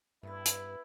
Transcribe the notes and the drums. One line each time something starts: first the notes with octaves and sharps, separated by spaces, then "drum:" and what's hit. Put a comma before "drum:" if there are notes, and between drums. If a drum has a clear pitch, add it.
G2 B3 E4 B4
drum: hi-hat